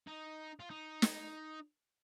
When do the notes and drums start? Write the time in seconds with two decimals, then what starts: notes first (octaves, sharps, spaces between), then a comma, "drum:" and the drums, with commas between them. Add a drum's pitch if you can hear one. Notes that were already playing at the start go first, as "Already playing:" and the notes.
0.08 D#4
0.60 F4
0.70 D#4
1.02 drum: snare